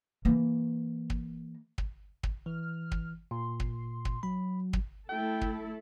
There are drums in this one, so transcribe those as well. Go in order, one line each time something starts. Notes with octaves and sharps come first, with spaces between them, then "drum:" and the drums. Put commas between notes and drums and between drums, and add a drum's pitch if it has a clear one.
E3 A#3
drum: kick
drum: kick
drum: kick
E3 F6
drum: kick
A#2 C6
drum: kick
drum: kick
F#3 B5
drum: kick
A3 E4 A4 G5
drum: kick